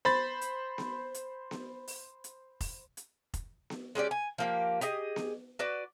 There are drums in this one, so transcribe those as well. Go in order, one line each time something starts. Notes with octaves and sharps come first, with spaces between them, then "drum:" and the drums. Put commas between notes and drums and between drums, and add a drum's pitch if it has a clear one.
C5 B5 A6, drum: snare B3
drum: hi-hat
drum: snare B3
drum: hi-hat
drum: snare B3
drum: open hi-hat
drum: hi-hat
drum: kick F1, open hi-hat
drum: hi-hat
drum: kick F1, hi-hat
drum: snare B3
G#3 C#4 G4 D5
G#5
F3 A#3 G4
G4 G#4 D#5, drum: hi-hat
drum: snare B3
F#4 B4 D5